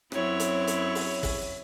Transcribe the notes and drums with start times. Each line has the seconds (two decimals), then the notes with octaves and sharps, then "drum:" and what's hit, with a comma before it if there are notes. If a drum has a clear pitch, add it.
0.12 F#2 F#3 C4 E4 C#5, drum: rim click
0.40 drum: hi-hat
0.67 drum: hi-hat
0.95 drum: open hi-hat
1.23 drum: kick, open hi-hat